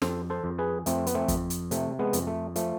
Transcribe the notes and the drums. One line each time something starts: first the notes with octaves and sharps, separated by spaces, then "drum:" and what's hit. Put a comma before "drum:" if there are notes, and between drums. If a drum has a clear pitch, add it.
F2 A4 C5, drum: snare
A4 C5
F2
G#4 B4
F2 A3 C4, drum: hi-hat
B3, drum: hi-hat
A3 C4
F2, drum: kick, hi-hat
drum: hi-hat
C3 A3, drum: hi-hat
G#3 B3
F2, drum: hi-hat
A3
F3 A3, drum: hi-hat